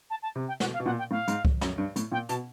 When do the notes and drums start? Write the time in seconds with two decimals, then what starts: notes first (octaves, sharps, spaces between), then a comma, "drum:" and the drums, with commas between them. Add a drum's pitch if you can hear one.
0.10 A5
0.22 A5
0.35 C3
0.48 G5
0.60 B2 F#5, drum: snare
0.73 F5
0.80 B2
0.86 A#2 F#5
0.98 G5
1.11 A2 F5
1.28 G#2, drum: hi-hat
1.45 drum: kick C2
1.61 F#2, drum: snare
1.78 G2
1.96 A2, drum: hi-hat
2.12 A#2 G5
2.29 B2 A5, drum: hi-hat